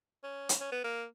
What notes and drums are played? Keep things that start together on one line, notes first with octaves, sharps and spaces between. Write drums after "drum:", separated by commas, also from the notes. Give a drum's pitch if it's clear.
C#4
drum: hi-hat
C#4
B3
A#3